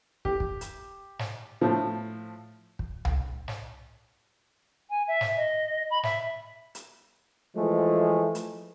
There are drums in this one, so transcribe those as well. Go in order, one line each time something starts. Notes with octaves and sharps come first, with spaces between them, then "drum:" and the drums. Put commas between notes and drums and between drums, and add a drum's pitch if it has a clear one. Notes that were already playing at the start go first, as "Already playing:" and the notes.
G4, drum: kick
drum: kick
drum: hi-hat
drum: snare
A2 F3
drum: kick
drum: tom C2
drum: snare
G#5
E5
drum: snare
D#5
B5
E5, drum: snare
drum: hi-hat
E3 F3 G#3 A3
drum: hi-hat